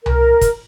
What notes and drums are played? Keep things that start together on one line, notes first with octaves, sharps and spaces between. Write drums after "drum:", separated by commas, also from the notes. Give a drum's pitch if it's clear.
A#4, drum: tom C2
drum: kick, hi-hat